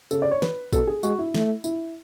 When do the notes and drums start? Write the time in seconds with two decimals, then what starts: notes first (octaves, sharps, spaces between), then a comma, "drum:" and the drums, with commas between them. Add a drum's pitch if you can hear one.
0.11 C#3 A4, drum: tambourine
0.22 D5
0.31 C#5
0.42 B4, drum: snare
0.73 B2 A4, drum: kick, tambourine
0.87 G#4
1.03 G#3 F#4, drum: tambourine
1.19 E4
1.35 A3, drum: snare
1.64 E4, drum: tambourine